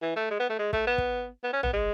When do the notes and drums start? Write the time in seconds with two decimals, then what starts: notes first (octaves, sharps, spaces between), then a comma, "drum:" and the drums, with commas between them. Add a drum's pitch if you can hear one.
0.02 E3
0.16 A3
0.31 G#3
0.40 B3
0.49 A3
0.59 G#3
0.73 A3, drum: kick
0.87 B3
0.98 drum: kick
1.44 B3
1.53 C#4
1.63 B3, drum: tom
1.73 G#3